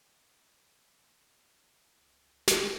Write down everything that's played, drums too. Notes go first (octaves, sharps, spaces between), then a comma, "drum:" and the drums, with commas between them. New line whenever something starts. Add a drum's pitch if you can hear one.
A4 D#5 F5 F#5 D6 D#6
D#3 F#5
C#2 A3
drum: snare